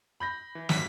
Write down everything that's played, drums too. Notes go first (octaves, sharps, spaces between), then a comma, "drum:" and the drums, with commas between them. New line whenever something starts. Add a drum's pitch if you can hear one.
B5 G6 A#6
E3
G#1 F#2 G3 B6, drum: snare